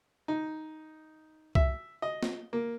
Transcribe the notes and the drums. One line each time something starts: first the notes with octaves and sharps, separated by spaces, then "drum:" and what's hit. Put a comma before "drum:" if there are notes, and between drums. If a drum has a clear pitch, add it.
D#4
E5, drum: kick C2
D#5
drum: snare
A#3